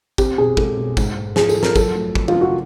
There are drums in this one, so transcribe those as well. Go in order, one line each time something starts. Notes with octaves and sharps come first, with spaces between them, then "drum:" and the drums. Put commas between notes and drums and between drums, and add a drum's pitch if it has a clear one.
C4 G4, drum: kick, tambourine
B2 G#4
G#3 A4, drum: kick
B2
G#2, drum: kick, tambourine
G#2
F3 G#4, drum: snare
A4, drum: tambourine
F3
A#4, drum: snare
F#3 A4, drum: kick, tambourine
A3
F#3, drum: kick
F4, drum: tom D#3
C#3
F#4